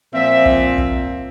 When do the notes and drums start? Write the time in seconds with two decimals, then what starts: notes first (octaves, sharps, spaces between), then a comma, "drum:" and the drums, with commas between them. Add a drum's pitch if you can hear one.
0.13 A#2 F3 C4 E5
0.45 drum: kick
0.78 drum: kick